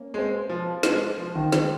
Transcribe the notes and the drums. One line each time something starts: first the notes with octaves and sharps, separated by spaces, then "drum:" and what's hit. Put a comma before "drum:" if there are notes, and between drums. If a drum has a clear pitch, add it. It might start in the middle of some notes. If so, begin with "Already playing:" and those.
Already playing: A#3 C#4
G#3 C4
F3
G#3 C4, drum: snare
F3
D#3
D#3 G#3 C4, drum: snare